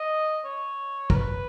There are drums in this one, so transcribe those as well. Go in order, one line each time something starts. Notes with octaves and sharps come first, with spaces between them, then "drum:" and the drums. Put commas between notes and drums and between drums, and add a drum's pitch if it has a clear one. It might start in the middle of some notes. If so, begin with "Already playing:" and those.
Already playing: D#5
C#5
A#4, drum: kick
B4